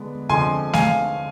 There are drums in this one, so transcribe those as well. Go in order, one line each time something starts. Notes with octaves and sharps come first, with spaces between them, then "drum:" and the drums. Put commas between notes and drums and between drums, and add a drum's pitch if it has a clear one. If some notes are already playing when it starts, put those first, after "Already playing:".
Already playing: D3 G#3 B3
D3 F3 G#3 C4 G#5 C6
F5 G#5, drum: snare A3